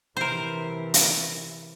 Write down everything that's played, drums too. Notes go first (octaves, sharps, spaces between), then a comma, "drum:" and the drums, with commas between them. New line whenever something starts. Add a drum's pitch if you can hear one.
C3 E3 A#4 C5
drum: hi-hat